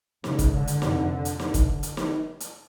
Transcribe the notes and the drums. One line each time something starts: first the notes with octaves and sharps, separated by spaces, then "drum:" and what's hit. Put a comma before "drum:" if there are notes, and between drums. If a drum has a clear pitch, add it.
G#2 C#3, drum: snare
drum: kick, hi-hat
D3
drum: hi-hat
F2 C3, drum: snare
drum: hi-hat
drum: snare
drum: kick, hi-hat
drum: hi-hat
drum: snare
drum: hi-hat